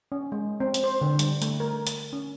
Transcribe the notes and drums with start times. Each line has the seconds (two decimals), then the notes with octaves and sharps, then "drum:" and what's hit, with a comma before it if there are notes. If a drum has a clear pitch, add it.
0.12 C#4
0.32 G#3
0.60 C4
0.74 drum: hi-hat
0.84 C5
1.01 D3
1.19 G3, drum: hi-hat
1.42 A3, drum: hi-hat
1.60 A#4
1.87 drum: hi-hat
2.13 C#4